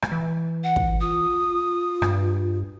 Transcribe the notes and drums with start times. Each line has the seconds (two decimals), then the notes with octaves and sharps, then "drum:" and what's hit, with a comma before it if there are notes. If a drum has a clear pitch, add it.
0.02 drum: rim click
0.12 E3
0.64 F#5
0.76 drum: kick
1.01 F4 D#6
2.02 G2, drum: rim click